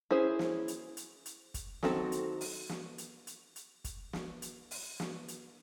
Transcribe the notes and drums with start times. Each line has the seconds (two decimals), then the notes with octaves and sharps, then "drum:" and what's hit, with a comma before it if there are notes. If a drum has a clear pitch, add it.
0.11 C#4 E4 G#4 C5
0.39 drum: snare
0.68 drum: hi-hat
0.97 drum: hi-hat
1.26 drum: hi-hat
1.54 drum: kick, hi-hat
1.83 D#3 F#3 C4 F#4 A4, drum: snare
2.12 drum: hi-hat
2.41 drum: open hi-hat
2.69 drum: snare
2.98 drum: hi-hat
3.27 drum: hi-hat
3.56 drum: hi-hat
3.84 drum: kick, hi-hat
4.13 drum: snare
4.42 drum: hi-hat
4.71 drum: open hi-hat
5.00 drum: snare
5.28 drum: hi-hat